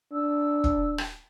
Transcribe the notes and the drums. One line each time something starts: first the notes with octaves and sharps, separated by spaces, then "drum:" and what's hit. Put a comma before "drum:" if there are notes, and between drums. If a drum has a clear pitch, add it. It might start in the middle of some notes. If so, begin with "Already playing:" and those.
D4 E6
drum: kick
drum: rim click